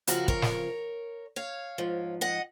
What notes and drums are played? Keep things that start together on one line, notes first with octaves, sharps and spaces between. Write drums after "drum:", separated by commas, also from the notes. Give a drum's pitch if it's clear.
F2 C#3 F3 F#4 A#4, drum: hi-hat
A#4 C#5, drum: kick
drum: snare
C#5 F5
G#2 F3
D#5 F#5